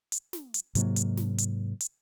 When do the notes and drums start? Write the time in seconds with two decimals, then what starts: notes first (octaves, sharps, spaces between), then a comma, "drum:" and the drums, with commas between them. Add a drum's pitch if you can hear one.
0.12 drum: hi-hat
0.33 drum: snare
0.54 drum: hi-hat
0.75 G#2 C3 F#3 A#3, drum: hi-hat
0.96 drum: hi-hat
1.17 drum: snare
1.38 drum: hi-hat
1.80 drum: hi-hat